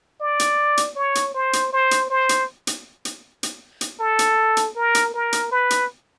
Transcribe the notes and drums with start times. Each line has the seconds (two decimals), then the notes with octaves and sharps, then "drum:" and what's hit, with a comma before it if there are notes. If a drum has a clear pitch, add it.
0.21 D5
0.40 drum: hi-hat
0.77 drum: hi-hat
0.96 C#5
1.15 drum: hi-hat
1.34 C5
1.53 drum: hi-hat
1.73 C5
1.91 drum: hi-hat
2.10 C5
2.29 drum: hi-hat
2.67 drum: hi-hat
3.05 drum: hi-hat
3.43 drum: hi-hat
3.81 drum: hi-hat
4.00 A4
4.19 drum: hi-hat
4.57 drum: hi-hat
4.76 A#4
4.95 drum: hi-hat
5.14 A#4
5.33 drum: hi-hat
5.51 B4
5.70 drum: hi-hat